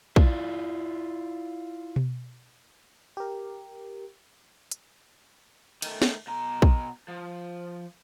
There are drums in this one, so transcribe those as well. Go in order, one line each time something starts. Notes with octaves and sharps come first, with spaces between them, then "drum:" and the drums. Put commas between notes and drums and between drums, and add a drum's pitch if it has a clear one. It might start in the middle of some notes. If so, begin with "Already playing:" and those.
E4 F4 A#4 D5, drum: kick
drum: tom B2
G4 A#4
drum: hi-hat
D#3 A3, drum: cymbal
drum: snare
B2 A#5
drum: kick
F3